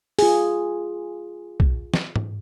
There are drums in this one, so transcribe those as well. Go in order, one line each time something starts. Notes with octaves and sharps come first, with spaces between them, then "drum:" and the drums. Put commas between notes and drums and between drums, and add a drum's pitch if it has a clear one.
F4 G#4, drum: open hi-hat
drum: kick B1
drum: snare
drum: tom G#2